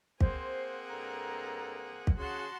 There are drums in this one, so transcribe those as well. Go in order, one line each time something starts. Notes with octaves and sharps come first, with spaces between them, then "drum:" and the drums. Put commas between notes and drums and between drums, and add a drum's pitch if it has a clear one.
A#3 C4 G#4 C5 F#5, drum: kick
G2 A4 A#5
drum: kick
C#3 C#4 F#4 G#4 F#5 A5 C6